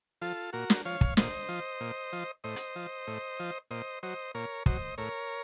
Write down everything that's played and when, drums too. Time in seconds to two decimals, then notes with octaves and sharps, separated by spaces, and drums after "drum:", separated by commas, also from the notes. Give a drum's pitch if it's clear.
0.21 F3 F4 A4
0.53 A#2 F#4 A#4
0.70 drum: snare
0.85 F3 C#5 F5
1.01 drum: kick
1.17 A#2 C5 D#5, drum: snare
1.49 F3
1.80 A#2
2.13 F3
2.44 A2 C5 D#5
2.56 drum: hi-hat
2.75 F3
3.07 A2
3.40 F3
3.71 A#2 C5 D#5
4.03 F#3 C5 D#5
4.34 A#2 A#4 C#5
4.66 F#3 C5 D#5, drum: kick
4.98 A2 A#4 C#5